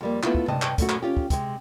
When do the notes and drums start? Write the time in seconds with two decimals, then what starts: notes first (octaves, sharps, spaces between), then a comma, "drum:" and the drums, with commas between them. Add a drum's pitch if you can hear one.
0.01 F2 G3 A#3
0.23 A3 B3 E4 F4, drum: clap
0.35 drum: kick
0.48 G2 C3 D#5 A5, drum: tom C3
0.62 drum: clap
0.78 F#2 A3 F#4, drum: kick, hi-hat
0.89 drum: clap
1.02 C#4 F4 G4
1.17 drum: kick
1.30 C3 G#3, drum: kick, hi-hat